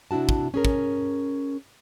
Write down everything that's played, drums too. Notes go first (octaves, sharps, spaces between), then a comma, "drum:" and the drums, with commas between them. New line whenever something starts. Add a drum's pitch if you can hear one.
C3 D4 E4 F#4 A5
drum: kick
C#4 G#4 A#4
drum: kick